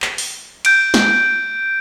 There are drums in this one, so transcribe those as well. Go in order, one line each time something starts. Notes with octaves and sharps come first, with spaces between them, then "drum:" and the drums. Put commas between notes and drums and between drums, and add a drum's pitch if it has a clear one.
drum: clap
drum: open hi-hat
G6 D7, drum: cymbal
drum: snare